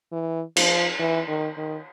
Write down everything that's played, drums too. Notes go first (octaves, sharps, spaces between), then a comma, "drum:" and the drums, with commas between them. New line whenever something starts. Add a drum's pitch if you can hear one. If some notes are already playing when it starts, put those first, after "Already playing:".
E3
F3, drum: cymbal
E3
D#3
D#3